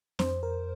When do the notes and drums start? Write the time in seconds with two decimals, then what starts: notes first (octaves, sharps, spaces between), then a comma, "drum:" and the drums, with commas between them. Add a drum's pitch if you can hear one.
0.19 F2 C5, drum: snare C4
0.43 A#4